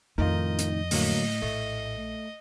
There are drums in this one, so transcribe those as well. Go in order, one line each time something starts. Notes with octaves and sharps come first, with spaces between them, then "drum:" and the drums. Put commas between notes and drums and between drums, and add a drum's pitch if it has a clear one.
F2 A2 D#3 D#4 F4 A#4 D#5
drum: hi-hat
A2 D3 F#3 A#3, drum: open hi-hat
A#1 A3